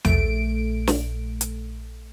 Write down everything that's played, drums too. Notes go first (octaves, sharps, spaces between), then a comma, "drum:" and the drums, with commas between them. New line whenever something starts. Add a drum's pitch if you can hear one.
A#1 A3 D7, drum: tom D#2
drum: snare
drum: hi-hat